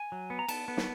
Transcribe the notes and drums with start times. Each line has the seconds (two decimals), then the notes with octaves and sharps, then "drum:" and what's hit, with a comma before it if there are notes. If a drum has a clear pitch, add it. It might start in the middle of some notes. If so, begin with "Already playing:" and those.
Already playing: G#5
0.12 F#3
0.30 B3
0.39 A#5
0.48 B3 A5, drum: cymbal
0.68 B3
0.77 drum: snare